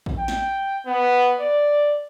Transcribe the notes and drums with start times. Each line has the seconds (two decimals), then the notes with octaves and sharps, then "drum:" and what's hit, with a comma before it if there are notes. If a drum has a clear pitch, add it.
0.06 drum: kick A1
0.19 G5
0.28 drum: snare
0.86 B3
1.40 D5